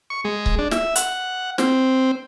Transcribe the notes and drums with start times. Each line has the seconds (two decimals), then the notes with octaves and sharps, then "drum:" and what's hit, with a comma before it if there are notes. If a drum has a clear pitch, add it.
0.10 C#6
0.24 G#3
0.46 drum: kick C#1
0.59 D4
0.71 E5, drum: snare
0.96 F#5, drum: hi-hat
1.58 C4, drum: snare